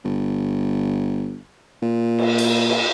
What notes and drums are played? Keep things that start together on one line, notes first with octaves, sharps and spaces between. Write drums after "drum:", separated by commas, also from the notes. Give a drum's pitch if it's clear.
G1
A#2
drum: cymbal
drum: cymbal
drum: cymbal